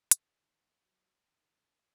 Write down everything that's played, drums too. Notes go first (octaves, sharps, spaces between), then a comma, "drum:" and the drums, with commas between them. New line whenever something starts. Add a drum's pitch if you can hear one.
C3, drum: hi-hat
D#3
F#3
D#3